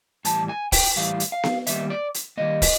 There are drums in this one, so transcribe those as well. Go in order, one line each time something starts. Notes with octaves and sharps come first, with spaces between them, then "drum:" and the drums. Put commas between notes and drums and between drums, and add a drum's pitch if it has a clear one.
A2 E3 G3 A5, drum: hi-hat
G#5
G5, drum: kick, open hi-hat
A2 E3 G3 F5
drum: hi-hat
F5
drum: snare B3
D#3 G3 A#3 E5, drum: hi-hat
D5
drum: hi-hat
D#3 G3 A#3 D#5
drum: kick, open hi-hat